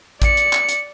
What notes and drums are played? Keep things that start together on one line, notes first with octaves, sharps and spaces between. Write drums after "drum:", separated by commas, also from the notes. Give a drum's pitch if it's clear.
D5 C#7, drum: kick A1, hi-hat
drum: hi-hat
drum: clap
drum: hi-hat